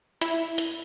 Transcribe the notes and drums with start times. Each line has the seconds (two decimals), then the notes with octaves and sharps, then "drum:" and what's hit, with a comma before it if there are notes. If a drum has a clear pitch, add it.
0.21 E4, drum: hi-hat
0.58 drum: hi-hat